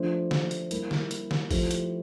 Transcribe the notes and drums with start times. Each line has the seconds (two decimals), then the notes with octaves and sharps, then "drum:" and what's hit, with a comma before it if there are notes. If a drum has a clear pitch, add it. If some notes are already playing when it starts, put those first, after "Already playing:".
Already playing: F3 A3 D4 A4 C5
0.31 drum: snare
0.51 drum: hi-hat
0.71 G3 A#3 E4, drum: hi-hat
0.91 drum: snare
1.11 drum: hi-hat
1.31 drum: snare
1.51 F3 A3 E4 G4 C5, drum: kick, open hi-hat
1.71 drum: hi-hat